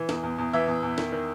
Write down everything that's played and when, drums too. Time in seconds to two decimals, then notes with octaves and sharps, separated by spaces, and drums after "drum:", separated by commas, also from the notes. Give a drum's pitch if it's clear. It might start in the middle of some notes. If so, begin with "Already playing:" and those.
Already playing: E3
0.09 E2, drum: snare
0.23 E2
0.38 E2
0.53 E3 E5
0.68 E2
0.83 E2
0.98 D#3, drum: snare
1.12 D#3